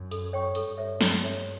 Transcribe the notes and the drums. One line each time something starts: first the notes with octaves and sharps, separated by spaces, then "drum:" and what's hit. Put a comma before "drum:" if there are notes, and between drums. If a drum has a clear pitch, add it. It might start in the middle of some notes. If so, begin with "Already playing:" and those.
Already playing: F#2
A4, drum: hi-hat
C#5 G5 C#6
G2 A4, drum: hi-hat
C#5 E5
A4, drum: snare
C#5 E5